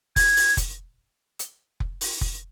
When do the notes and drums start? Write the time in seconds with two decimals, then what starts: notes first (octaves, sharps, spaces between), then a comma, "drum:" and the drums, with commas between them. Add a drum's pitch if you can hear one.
0.16 G#6, drum: kick F1, open hi-hat
0.37 drum: open hi-hat
0.57 drum: kick F1, hi-hat
1.39 drum: hi-hat
1.80 drum: kick F1
2.01 drum: open hi-hat
2.21 drum: kick F1